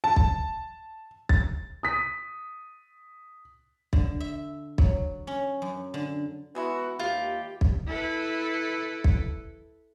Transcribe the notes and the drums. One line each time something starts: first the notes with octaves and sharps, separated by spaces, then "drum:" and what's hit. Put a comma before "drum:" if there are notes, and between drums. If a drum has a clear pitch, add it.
A5
drum: kick
A6, drum: kick
D#6 B6
D3, drum: kick
E5
F#3, drum: kick
C#4
F#2
D3
E3 G#3 B3 E4 F#4
D#2 F4 G4
drum: kick
E4 A4 B4
drum: kick